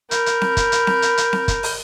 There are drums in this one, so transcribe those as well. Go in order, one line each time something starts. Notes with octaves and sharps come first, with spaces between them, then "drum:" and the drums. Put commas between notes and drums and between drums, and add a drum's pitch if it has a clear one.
A#4 B5 F6 G6, drum: hi-hat
drum: hi-hat
drum: snare C4
drum: kick, hi-hat
drum: hi-hat
drum: snare C4
drum: hi-hat
drum: hi-hat
drum: snare C4
drum: kick, hi-hat
drum: open hi-hat